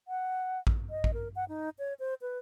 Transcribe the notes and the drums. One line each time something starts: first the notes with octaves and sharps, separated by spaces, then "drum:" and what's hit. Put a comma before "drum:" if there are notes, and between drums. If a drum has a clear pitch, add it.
F#5
drum: kick A1
D#5
drum: kick A1
A#4
F#5
D#4
C#5
C5
B4